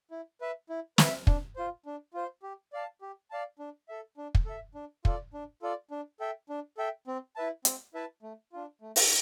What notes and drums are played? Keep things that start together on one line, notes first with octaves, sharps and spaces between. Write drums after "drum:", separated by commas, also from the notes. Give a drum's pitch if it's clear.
E4
B4 E5
E4
B4 E5, drum: snare
D4, drum: kick
F4 C5
D4
F4 C5
G4
D5 F5 A5
G4
D5 F5 A5
D4
A4 E5
D4
drum: kick
A4 E5
D4
F4 A4 D5, drum: kick
D4
F4 A4 D5
D4
A4 E5 G5
D4
A4 E5 G5
C4
E4 B4 E5 A5
C4, drum: hi-hat
E4 B4 E5 A5
A3
D4 F4
A3
drum: open hi-hat